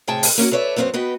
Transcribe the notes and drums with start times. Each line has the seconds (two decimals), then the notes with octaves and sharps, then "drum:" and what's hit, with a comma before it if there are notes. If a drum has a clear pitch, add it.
0.08 A2 C3 G#4 C#5 G5 A5
0.23 drum: open hi-hat
0.38 A#3 C#4 F#4 A#4
0.51 A4 B4 C#5 D5 E5
0.76 F#2 B3 C4 D4 C5 C#5
0.94 B3 F#4 B4 D#5 G5